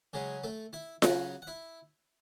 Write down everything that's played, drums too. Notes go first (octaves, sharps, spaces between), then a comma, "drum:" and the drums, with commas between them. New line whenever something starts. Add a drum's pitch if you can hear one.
C#3 F#3 G#3 C#4 G#4
A3 A4
E4 E5
C#3 F#3 C#4 F#4 F#5, drum: snare F4
F#5
E4 E5